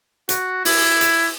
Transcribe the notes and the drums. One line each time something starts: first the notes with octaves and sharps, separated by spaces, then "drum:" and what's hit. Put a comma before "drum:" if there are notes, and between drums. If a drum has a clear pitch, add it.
F#4, drum: hi-hat
E4, drum: open hi-hat
drum: hi-hat